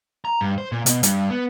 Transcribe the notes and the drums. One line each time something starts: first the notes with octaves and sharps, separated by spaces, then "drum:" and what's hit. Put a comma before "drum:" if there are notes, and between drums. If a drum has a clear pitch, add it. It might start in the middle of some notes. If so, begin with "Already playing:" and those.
A#5
G2
C5
A#2
B2, drum: hi-hat
G2, drum: hi-hat
B3